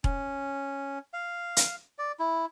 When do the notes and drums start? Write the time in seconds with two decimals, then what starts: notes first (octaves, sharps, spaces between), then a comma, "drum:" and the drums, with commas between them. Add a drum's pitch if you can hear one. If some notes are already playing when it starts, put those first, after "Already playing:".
0.04 C#4, drum: kick E1
1.13 F5
1.57 drum: hi-hat
1.98 D5
2.19 E4